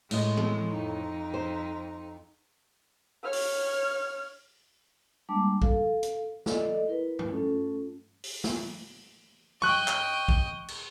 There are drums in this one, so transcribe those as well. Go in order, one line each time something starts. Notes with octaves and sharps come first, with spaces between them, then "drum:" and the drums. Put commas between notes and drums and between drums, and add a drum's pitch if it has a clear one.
A2 G#3 D#5, drum: cymbal
drum: tom
F2 D#4
C5
C#5 F6
drum: open hi-hat
G3 G#3 A#3 D4 A5 D6
A4 F5, drum: kick A#1
drum: hi-hat
A4 D5 D#5, drum: snare
E4 A#4 B4
drum: tom
A3 C#4 F4 A4
drum: open hi-hat
drum: snare
D#5 G5 C#6 F#6, drum: tom
drum: clap
drum: kick A#1
drum: cymbal